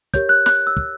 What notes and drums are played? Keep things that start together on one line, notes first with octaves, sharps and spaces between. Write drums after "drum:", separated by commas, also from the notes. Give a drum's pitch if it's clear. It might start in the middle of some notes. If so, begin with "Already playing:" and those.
G4 A#4 C#5 G6, drum: kick, hi-hat
F#6
F#6, drum: snare
E6
drum: kick